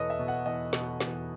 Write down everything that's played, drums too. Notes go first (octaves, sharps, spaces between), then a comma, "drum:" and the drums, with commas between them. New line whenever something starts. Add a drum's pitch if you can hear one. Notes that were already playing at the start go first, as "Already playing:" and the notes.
Already playing: E2 B2 A4 B4 C#5 D#5
E5
B2
F#5
E2 D#5
B2, drum: snare
E2, drum: snare